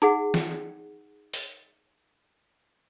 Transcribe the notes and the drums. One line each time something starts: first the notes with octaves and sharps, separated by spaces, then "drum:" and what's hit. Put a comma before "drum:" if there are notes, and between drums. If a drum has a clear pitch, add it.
D#4 G#4 F#5, drum: hi-hat
drum: snare
drum: open hi-hat